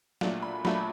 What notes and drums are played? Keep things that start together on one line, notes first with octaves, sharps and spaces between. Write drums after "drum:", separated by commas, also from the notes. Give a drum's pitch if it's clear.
A#2 F#3 A3 D4 F4, drum: snare
B5
A#2 F#3 A3 D4 F4 B5, drum: snare